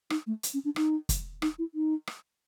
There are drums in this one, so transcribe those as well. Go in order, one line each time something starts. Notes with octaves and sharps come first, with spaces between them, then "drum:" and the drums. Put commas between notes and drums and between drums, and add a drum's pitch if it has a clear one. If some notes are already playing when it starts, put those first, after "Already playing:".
D#4, drum: rim click
A3
drum: hi-hat
C#4
D4
D#4, drum: rim click
drum: kick, hi-hat
D#4, drum: rim click
E4
D#4
drum: rim click